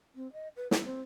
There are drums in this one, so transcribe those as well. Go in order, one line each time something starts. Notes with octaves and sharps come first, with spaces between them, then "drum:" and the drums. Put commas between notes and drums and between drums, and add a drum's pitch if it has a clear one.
C4
D#5
B4
E4, drum: snare
C4